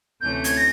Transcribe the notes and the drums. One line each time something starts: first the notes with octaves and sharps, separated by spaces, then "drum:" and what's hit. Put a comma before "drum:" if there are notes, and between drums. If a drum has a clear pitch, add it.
D2 C3 E3 A3 C#4 G6
G#6, drum: hi-hat
A#6